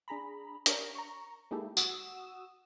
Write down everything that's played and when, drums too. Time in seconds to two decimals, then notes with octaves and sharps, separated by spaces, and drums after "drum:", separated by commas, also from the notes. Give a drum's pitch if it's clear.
0.08 D4 G#4 A#5 B5
0.66 D4 G4 A#4 C#5, drum: hi-hat
0.95 A#5 C#6
1.51 G#3 A#3 D#4 E4 G4 A4
1.77 F#4 D#6 E6 E7, drum: tambourine